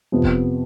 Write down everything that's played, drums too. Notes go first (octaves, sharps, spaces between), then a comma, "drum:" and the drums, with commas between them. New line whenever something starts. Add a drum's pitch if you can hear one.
F2 C3 F3 B3
drum: kick F#1